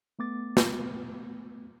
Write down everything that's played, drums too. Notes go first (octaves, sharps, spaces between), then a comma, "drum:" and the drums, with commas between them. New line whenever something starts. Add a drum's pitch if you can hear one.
A3 B3 D6 A6
drum: snare